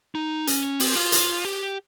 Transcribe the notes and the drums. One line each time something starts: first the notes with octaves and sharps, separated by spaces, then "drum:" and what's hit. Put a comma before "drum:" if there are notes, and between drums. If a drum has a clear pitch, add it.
D#4
C#4, drum: hi-hat
C4, drum: open hi-hat
F4
drum: hi-hat
G4